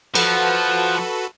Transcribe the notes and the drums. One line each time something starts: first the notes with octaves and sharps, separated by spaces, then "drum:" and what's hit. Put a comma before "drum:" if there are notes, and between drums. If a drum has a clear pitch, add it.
F3 F#4 A4 B4 F#5, drum: cymbal